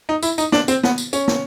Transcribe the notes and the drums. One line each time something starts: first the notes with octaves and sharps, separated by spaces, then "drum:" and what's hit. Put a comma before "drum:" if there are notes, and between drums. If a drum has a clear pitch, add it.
D#4
E4, drum: tambourine
D#4, drum: tambourine
D4, drum: snare
C4, drum: tambourine
B3, drum: snare
drum: tambourine
C#4, drum: tambourine
drum: snare